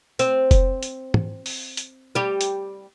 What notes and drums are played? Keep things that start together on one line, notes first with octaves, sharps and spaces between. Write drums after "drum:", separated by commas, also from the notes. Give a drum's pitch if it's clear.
C4, drum: hi-hat
drum: kick F1, hi-hat
drum: hi-hat
drum: tom
drum: open hi-hat
drum: hi-hat
G3 G4
drum: hi-hat